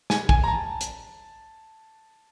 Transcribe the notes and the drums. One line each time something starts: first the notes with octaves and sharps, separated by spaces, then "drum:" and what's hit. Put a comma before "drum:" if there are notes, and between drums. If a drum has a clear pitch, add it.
G#5, drum: snare
G#5, drum: kick
A#5
A5
drum: hi-hat